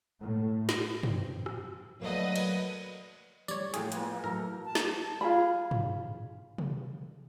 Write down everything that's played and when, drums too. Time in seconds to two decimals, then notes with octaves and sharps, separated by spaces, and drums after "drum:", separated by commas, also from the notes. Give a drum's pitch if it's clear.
0.20 A2
0.69 drum: snare
1.03 C4, drum: tom
1.46 drum: rim click
2.01 D3 F#3 A3 A#3 B4 D#5
2.36 drum: cymbal
3.48 G3 C#5 D5, drum: tambourine
3.74 A2 F3 A#3 F4 G4 G#4, drum: hi-hat
3.92 E3 A#3, drum: hi-hat
4.24 A2 F#3 A4 A#4
4.65 A5
4.75 drum: snare
5.21 F4 G#4 B5
5.71 drum: tom
6.58 drum: tom